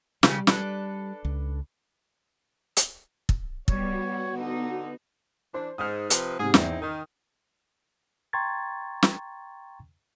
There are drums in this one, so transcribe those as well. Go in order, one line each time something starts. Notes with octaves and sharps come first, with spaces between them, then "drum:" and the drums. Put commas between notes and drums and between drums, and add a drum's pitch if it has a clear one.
C#3 G3 G4 G#4, drum: snare
D4 A4 B4, drum: snare
C#2
drum: hi-hat
drum: kick
G3 B3 F#4 C#5, drum: kick
D3 D#4
E3 D4 C5
G#2 D#6 F6
C3 F3 B4, drum: hi-hat
G#2 C3 G#4
E2 C4 D#4 E4, drum: snare
D#3 D#6
G5 A#5 C6 C#6 G#6 A6
drum: snare